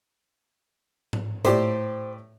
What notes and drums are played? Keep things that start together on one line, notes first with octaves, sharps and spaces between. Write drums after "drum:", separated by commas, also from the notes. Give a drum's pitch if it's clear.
drum: tom G#2
A2 G4 C5 D5, drum: hi-hat